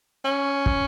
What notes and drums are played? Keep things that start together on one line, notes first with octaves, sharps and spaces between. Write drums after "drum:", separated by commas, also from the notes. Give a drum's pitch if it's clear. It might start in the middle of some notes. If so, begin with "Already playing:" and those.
C#4
drum: kick